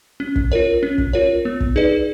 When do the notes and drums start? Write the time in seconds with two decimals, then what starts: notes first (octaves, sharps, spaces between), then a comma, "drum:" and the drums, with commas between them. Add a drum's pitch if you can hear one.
0.20 C#4
0.36 drum: kick
0.52 F4 A#4 C#5
0.83 C#4
0.98 drum: kick
1.13 F4 A#4 C#5
1.45 B3
1.60 drum: kick
1.76 D#4 G#4 B4 D5